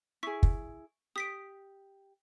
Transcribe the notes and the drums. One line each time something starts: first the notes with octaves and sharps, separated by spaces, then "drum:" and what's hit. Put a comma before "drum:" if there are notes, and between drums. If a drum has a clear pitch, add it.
E4 G#4 C#6 B6
drum: kick
G4 D#6 B6 D7